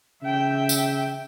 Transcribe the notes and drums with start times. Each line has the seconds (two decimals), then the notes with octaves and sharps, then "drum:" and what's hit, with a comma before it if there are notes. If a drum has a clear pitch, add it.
0.22 C#3 E5 G5
0.69 drum: tambourine